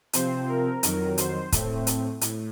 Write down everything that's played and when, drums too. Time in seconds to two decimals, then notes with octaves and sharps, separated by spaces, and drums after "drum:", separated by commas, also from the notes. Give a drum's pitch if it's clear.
0.13 C3 F3 C4 C5, drum: hi-hat
0.48 A#4
0.83 F2 D#3 F#3, drum: hi-hat
1.18 C5, drum: hi-hat
1.52 A2 A3 C4, drum: kick, hi-hat
1.87 drum: hi-hat
2.21 A2, drum: hi-hat